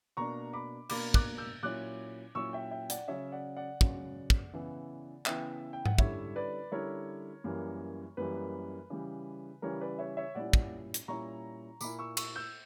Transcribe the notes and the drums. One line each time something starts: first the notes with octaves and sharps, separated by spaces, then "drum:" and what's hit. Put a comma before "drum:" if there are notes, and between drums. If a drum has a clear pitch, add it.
B2 A#3 D4 A#5 C#6
B5 D6
B2 A#3 D4 B5 D6, drum: cymbal
D6 F#6, drum: kick
E6 G6
A#2 F#3 C#4 E4 D6 F#6
A#2 F#3 C#4 E4 C#6 E6
E5 G5
E5 G5
D5 F#5, drum: hi-hat
C#3 F#3 C#4 C#5 E5
D5 F#5
D5 F#5
C#3 F#3 C#4, drum: kick
drum: kick
C#3 E3 B3 E4
C#3 E3 B3 E4 E5 G5, drum: clap
G5
F#5, drum: tom G#2
D3 G3 C#4 E4 C#5 E5, drum: kick
B4 D5
D3 G3 C#4 E4 A#4 C#5
F#2 E3 G3 A#3
F#2 E3 G3 A#3 B4
C#3 E3 G3
C#3 E3 G3 A#4 C#5
B4 D5
C#5 E5
C#5 E5
A#2 G3 C#4 E4 D5 F#5
drum: kick
drum: hi-hat
A#2 G3 C#4 E4 A#5 C#6
A#2 A#3 E4 B5 D6, drum: tambourine
C#6 E6
C#6 E6, drum: cymbal
E6 G6